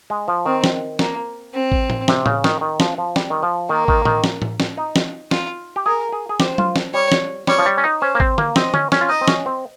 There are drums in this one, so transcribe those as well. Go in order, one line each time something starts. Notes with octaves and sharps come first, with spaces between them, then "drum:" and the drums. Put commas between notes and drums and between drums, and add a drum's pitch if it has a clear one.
G#3
F3
D#3 C4
drum: snare
A#3, drum: snare
C4
drum: kick A1
drum: tom A2
C3, drum: snare
C#3, drum: tom A2
D#3, drum: snare
D#3
F3, drum: snare
F3
G3, drum: snare
D#3
F3
D#3 A#3
D#3, drum: kick A1
D#3, drum: tom A2
drum: snare
drum: tom A2
drum: snare
D#4
drum: snare
F4, drum: snare
G4
G#4 A#4
G#4
G#4
G4 C5, drum: snare
F4, drum: tom
drum: snare
G3 C#5
drum: snare
G3 C#5, drum: snare
F3
G3
C#4
D#4
C#4 C5
A#3
C4, drum: kick A1
A#3, drum: tom D3
C4 D#5, drum: snare
C#4, drum: tom D3
C#4, drum: snare
F4
D#4 D#5
C4
C#4, drum: snare
C4